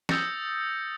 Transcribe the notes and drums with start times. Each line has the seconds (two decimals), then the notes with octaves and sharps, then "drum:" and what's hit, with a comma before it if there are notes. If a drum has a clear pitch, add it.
0.09 D#6 E6 G6 A6 A#6 C#7, drum: snare